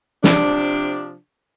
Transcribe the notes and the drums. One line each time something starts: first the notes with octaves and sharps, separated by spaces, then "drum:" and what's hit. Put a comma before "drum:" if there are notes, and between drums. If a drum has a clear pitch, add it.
C3 F3 D4, drum: snare